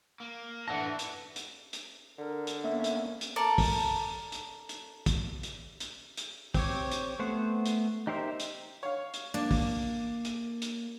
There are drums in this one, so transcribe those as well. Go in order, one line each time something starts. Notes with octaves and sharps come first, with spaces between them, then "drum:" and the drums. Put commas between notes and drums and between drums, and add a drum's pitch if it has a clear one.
A#3
E3 A3 D4 B4 D5 F#5 A5 A#6
drum: hi-hat
drum: hi-hat
drum: hi-hat
D3 A#4
drum: hi-hat
A#3 B3 C#4 E5
drum: hi-hat
drum: hi-hat
A4 A#4 D5 A5
drum: kick, open hi-hat
drum: hi-hat
drum: hi-hat
drum: kick, hi-hat
drum: hi-hat
drum: hi-hat
drum: hi-hat
C4 G4 C#5, drum: kick, open hi-hat
drum: hi-hat
A3 B3 C5 F#5
drum: hi-hat
D#4 G4 A#4 C5 E5
drum: hi-hat
C#5 F5
drum: hi-hat
A#3 D4
drum: kick, open hi-hat
drum: hi-hat
drum: hi-hat